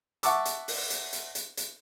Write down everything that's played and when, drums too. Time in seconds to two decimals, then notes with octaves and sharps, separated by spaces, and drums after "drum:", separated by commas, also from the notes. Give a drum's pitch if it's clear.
0.23 E5 F#5 A5 C#6 D6 E6, drum: hi-hat
0.45 drum: hi-hat
0.68 drum: open hi-hat
0.90 drum: hi-hat
1.13 drum: hi-hat
1.35 drum: hi-hat
1.57 drum: hi-hat